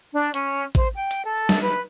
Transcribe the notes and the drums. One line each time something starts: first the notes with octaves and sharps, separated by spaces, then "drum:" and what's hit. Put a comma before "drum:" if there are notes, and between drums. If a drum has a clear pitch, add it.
D4
C#4, drum: hi-hat
C5, drum: kick A1, hi-hat
G5
drum: hi-hat
A4
drum: snare
B4